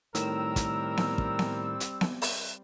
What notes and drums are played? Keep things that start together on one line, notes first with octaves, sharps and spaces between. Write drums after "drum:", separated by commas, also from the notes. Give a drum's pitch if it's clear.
A2 D#3 G3 C4 A#4 E6, drum: hi-hat
drum: kick, hi-hat
drum: snare B3
drum: kick
drum: snare B3
drum: hi-hat
drum: snare B3
drum: open hi-hat